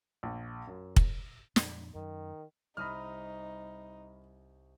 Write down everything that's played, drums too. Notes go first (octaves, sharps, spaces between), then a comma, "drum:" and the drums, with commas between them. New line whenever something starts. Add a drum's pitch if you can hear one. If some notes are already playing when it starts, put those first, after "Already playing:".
A#1
F#2
drum: kick
F2 A#2, drum: snare
F#2 D#3
C2 D#4 B5 D#6 F6 A#6